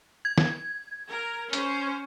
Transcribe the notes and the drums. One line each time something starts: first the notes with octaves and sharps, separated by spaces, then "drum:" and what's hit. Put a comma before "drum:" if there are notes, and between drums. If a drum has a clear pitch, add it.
G#6
drum: snare
A#4
C#4 C5, drum: hi-hat